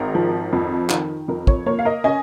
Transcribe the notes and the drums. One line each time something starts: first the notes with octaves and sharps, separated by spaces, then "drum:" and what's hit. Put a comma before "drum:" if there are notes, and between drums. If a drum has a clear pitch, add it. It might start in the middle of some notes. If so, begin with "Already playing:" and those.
Already playing: G#1 G#2 A#4
F3
F2
D#3, drum: clap
F2 A#4
C#5, drum: kick
A#3 C#5
F5
A#4 D#5
C#4 D#5 G#5